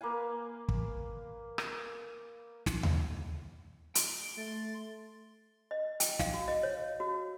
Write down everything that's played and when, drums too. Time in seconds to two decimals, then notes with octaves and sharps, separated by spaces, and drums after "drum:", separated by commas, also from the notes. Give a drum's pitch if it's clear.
0.01 A#3 B4 F5 G#5
0.69 drum: kick
1.58 drum: rim click
2.66 drum: snare
2.83 drum: tom D#2
3.95 C6 D7, drum: hi-hat
4.38 A3 A6
5.71 D#5
6.00 G5, drum: hi-hat
6.19 F5, drum: snare
6.34 F#4
6.48 D#5
6.63 C#5
7.00 F#4